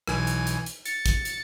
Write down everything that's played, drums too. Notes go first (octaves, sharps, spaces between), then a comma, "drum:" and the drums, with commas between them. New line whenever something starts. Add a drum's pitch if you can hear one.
B1 E3 G#5, drum: rim click
drum: hi-hat
drum: hi-hat
drum: hi-hat
A6 C#7, drum: hi-hat
drum: kick, hi-hat
drum: hi-hat